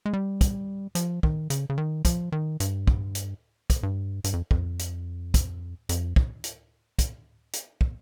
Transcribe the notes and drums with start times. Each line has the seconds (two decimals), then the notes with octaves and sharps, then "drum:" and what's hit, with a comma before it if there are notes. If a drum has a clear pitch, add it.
0.06 G#3
0.13 G3
0.41 drum: kick, hi-hat
0.95 F3, drum: hi-hat
1.23 D#3, drum: kick
1.50 C#3, drum: hi-hat
1.70 C#3
1.78 D#3
2.05 F3, drum: kick, hi-hat
2.32 D#3
2.60 G2, drum: hi-hat
2.87 drum: kick
3.15 drum: hi-hat
3.70 drum: kick, hi-hat
3.83 G2
4.24 G2, drum: hi-hat
4.33 F2
4.51 F2, drum: kick
4.79 drum: hi-hat
5.34 drum: kick, hi-hat
5.89 F2, drum: hi-hat
6.16 drum: kick
6.44 drum: hi-hat
6.99 drum: kick, hi-hat
7.53 drum: hi-hat
7.81 drum: kick